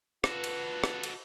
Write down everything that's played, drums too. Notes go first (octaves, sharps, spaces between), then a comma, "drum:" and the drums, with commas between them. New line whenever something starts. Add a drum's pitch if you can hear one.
F4 F#4 A4 B4, drum: rim click
drum: cymbal
drum: rim click
drum: cymbal